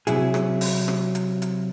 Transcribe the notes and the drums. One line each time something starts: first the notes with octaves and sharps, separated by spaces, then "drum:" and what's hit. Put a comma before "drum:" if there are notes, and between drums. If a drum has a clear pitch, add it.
C3 F#3 E4 G#4, drum: hi-hat
drum: rim click
drum: open hi-hat
drum: rim click
drum: hi-hat
drum: hi-hat